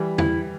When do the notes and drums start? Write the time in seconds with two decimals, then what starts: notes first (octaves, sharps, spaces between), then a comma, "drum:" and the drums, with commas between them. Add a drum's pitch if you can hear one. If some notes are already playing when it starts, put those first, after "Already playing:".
Already playing: E3 G3
0.18 E4, drum: tom E2